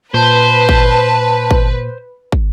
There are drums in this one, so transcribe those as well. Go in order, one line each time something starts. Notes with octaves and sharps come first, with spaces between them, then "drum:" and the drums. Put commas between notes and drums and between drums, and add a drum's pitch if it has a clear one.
A#2 B4 C5 A5
drum: kick
drum: kick
drum: kick